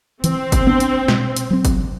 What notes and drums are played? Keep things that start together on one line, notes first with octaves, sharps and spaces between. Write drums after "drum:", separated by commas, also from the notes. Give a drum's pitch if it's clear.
E3 C4, drum: hi-hat
drum: kick, hi-hat
B3 D4
drum: hi-hat
B2, drum: snare
drum: hi-hat
F#3 C4
drum: kick, hi-hat